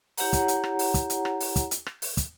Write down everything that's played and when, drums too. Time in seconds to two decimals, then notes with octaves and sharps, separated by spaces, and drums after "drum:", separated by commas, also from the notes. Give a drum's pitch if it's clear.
0.17 E4 G4 C#5 F#5 A#5, drum: open hi-hat
0.33 drum: kick, hi-hat
0.48 drum: hi-hat
0.64 drum: rim click
0.79 drum: open hi-hat
0.94 drum: kick, hi-hat
1.10 drum: hi-hat
1.25 drum: rim click
1.40 drum: open hi-hat
1.56 drum: kick, hi-hat
1.71 drum: hi-hat
1.86 drum: rim click
2.02 drum: open hi-hat
2.17 drum: kick, hi-hat